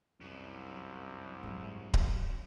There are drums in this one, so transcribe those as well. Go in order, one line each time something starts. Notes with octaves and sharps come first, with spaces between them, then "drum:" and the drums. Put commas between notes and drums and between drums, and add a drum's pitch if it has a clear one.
C2 F#2
G#2 F#3
drum: kick D1